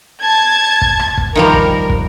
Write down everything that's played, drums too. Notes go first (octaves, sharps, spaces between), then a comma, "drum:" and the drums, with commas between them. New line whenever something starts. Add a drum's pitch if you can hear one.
A5 G#6
drum: kick
drum: rim click
drum: kick
D#3 F3 G3 A#4
drum: kick
drum: kick